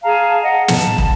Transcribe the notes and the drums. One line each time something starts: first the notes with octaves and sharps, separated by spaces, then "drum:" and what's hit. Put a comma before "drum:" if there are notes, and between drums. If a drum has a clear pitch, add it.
G#4 F5 A5 A#5
D#5 F#5
A5 B5, drum: snare
drum: kick